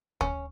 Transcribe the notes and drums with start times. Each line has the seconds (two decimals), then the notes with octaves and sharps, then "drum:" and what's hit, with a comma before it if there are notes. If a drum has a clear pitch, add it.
0.21 C#4, drum: kick